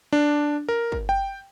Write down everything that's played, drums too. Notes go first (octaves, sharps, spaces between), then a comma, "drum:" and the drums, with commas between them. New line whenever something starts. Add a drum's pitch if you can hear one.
D4
A#4
drum: kick
G5